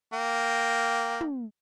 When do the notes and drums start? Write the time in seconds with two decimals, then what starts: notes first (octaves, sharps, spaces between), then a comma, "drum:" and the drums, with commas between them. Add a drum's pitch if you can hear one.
0.13 A#3 G5
1.21 drum: tom